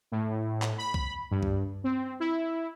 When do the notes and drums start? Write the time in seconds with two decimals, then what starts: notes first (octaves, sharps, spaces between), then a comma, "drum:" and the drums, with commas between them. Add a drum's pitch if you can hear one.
0.12 A2
0.62 drum: clap
0.78 B5
0.94 drum: kick C2
1.31 G2
1.43 drum: kick C2
1.84 C4
2.20 E4